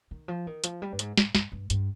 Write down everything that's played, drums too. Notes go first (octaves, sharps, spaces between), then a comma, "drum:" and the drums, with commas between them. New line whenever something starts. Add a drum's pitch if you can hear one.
D#3
F3
D#3
F3, drum: hi-hat
G3
G2
G#2, drum: hi-hat
G#2, drum: snare
G2, drum: snare
G2
G2, drum: hi-hat